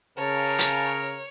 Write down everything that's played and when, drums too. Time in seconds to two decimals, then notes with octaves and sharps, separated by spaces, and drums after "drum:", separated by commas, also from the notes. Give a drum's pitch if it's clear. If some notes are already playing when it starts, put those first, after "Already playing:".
0.18 C#3 A#4 C#5 A5
0.59 drum: hi-hat